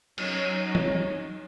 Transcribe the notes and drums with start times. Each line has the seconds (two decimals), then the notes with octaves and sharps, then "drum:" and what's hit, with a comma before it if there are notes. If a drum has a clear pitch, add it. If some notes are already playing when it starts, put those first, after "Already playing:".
0.18 F#3 C#4 D#4, drum: cymbal
0.75 drum: tom